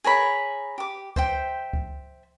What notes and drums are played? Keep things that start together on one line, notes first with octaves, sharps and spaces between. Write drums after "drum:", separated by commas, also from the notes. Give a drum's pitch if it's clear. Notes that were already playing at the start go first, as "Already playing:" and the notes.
G#4 A#4 C#5 B5
G4 D6
C5 E5 G5, drum: kick C#2
drum: kick C#2